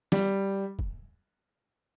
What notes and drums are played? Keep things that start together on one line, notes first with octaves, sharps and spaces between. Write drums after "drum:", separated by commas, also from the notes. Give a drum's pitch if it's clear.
G3, drum: snare
drum: kick